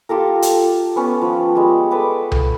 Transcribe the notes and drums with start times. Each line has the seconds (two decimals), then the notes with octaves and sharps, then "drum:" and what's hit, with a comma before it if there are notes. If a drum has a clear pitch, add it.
0.09 F4 G4 A4 A#4
0.42 A5, drum: hi-hat
0.96 B3 C#4 B4
1.22 F3
1.55 G3 G#3
1.91 A4 B4 D5 D6
2.32 drum: tom C2